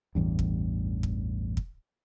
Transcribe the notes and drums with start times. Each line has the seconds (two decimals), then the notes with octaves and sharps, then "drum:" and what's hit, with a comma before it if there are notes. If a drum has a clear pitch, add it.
0.15 A1 E2 G2
0.39 drum: kick
1.03 drum: kick
1.57 drum: kick